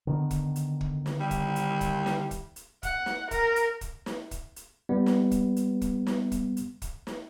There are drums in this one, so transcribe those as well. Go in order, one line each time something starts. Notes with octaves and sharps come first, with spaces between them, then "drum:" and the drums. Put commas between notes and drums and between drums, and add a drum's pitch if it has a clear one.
D3 D#3 B3
drum: kick, hi-hat
drum: hi-hat
drum: kick
drum: snare
G3
drum: kick, hi-hat
drum: hi-hat
drum: kick, hi-hat
drum: snare
drum: kick, hi-hat
drum: hi-hat
F#5, drum: kick, hi-hat
drum: snare
A#4, drum: kick, hi-hat
drum: hi-hat
drum: kick, hi-hat
drum: snare
drum: kick, hi-hat
drum: hi-hat
G3 B3
drum: snare
drum: kick, hi-hat
drum: hi-hat
drum: kick, hi-hat
drum: snare
drum: kick, hi-hat
drum: hi-hat
drum: kick, hi-hat
drum: snare